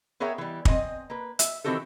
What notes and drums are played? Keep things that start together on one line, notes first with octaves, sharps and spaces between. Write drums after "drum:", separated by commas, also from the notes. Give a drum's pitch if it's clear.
B3 G#4 A#4 C#5 E5 G5
E3 G3
C4 D#5 G#5, drum: kick
A#3 B4
E5, drum: hi-hat
D#3 E3 C4 F#4 G4 A4